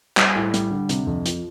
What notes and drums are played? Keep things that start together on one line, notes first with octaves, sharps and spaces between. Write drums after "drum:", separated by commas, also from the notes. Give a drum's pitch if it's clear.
G3, drum: clap
A2
G3, drum: hi-hat
D3
C3, drum: hi-hat
F2
F3, drum: hi-hat